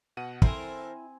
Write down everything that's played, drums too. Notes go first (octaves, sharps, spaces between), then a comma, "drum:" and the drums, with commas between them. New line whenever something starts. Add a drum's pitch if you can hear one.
B2 F#5 D#7
E3 C4 E4 A4 A#4 C5 G#5, drum: kick